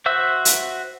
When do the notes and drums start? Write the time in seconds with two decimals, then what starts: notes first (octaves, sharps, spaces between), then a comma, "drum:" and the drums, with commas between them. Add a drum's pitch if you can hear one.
0.06 F#4 C5 E5 E6
0.45 drum: hi-hat